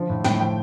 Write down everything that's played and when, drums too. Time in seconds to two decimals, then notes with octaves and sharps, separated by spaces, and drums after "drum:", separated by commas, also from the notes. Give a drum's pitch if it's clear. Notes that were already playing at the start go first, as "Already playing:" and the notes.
Already playing: D3 F3
0.10 A2
0.24 A2 G5, drum: snare
0.40 F3 G5